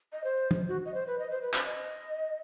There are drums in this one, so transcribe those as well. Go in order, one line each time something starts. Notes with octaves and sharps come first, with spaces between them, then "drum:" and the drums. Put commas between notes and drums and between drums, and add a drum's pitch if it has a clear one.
D#5
C5
drum: tom
F#4
D#5
C5
B4
D#5
C5
B4
C5, drum: clap
D#5